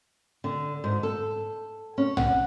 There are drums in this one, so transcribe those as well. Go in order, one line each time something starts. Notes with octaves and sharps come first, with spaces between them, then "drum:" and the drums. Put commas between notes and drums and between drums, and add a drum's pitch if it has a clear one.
D3
G#2
A4
C#4
F#5, drum: tom